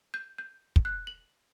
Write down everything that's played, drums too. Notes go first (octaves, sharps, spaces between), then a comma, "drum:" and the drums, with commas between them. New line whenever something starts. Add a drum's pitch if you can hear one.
G6
G6
drum: kick
F#6
F#7